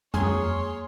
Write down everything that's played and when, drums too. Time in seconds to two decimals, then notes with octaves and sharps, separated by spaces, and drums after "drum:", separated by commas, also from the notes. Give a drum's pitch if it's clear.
0.14 A#3 G#4 C#5 C6, drum: tom F2